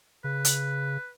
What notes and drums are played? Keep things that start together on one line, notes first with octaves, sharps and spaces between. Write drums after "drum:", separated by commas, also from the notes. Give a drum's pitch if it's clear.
C#3 B4
drum: hi-hat